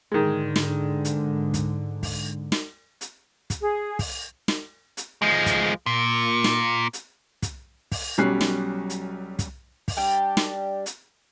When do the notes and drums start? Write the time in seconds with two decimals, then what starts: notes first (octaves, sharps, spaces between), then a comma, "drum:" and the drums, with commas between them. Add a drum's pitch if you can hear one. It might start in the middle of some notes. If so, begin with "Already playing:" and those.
0.12 G#2 D3 D#3 G#3
0.56 drum: snare
1.05 drum: hi-hat
1.54 drum: kick, hi-hat
2.03 drum: kick, open hi-hat
2.52 drum: snare
3.01 drum: hi-hat
3.50 drum: kick, hi-hat
3.60 G#4
3.99 drum: kick, open hi-hat
4.48 drum: snare
4.97 drum: hi-hat
5.22 F3 G#3
5.46 drum: kick, hi-hat
5.86 A#2
6.44 drum: snare
6.93 drum: hi-hat
7.42 drum: kick, hi-hat
7.92 drum: kick, open hi-hat
8.18 B1 F#3 G3 C#4 F#6 C7
8.41 drum: snare
8.90 drum: hi-hat
9.39 drum: kick, hi-hat
9.88 drum: kick, open hi-hat
9.97 G3 D4 G4
10.37 drum: snare
10.86 drum: hi-hat